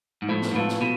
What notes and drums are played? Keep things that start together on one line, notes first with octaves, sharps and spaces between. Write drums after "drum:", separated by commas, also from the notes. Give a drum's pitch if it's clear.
G#2
A2 F3
drum: snare
G#2
A2 B3 F4 A4
drum: snare
B2